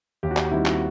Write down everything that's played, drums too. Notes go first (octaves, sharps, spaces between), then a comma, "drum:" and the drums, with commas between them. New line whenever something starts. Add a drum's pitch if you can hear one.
D#2 G4
F#4
G4, drum: clap
D#3 G3 C4 E4
F#4, drum: clap